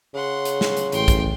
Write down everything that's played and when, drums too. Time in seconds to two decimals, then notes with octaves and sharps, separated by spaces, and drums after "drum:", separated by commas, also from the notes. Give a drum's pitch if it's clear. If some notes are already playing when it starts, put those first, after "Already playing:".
0.14 C#3 F#5 C6
0.45 drum: hi-hat
0.61 drum: snare
0.77 drum: hi-hat
0.92 A1 G5 C6, drum: hi-hat
1.08 drum: kick, hi-hat